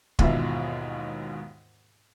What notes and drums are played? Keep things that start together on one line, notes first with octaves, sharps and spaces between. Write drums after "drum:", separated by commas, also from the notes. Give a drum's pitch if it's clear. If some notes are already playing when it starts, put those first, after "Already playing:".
D#2 G#2 B2 E3 F4 E5, drum: kick